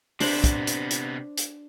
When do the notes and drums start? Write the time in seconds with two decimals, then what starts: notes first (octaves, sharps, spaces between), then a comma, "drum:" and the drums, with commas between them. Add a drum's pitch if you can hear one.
0.20 C3 B3 D4 C5 B5, drum: open hi-hat
0.44 drum: kick, hi-hat
0.67 drum: hi-hat
0.91 drum: hi-hat
1.37 drum: hi-hat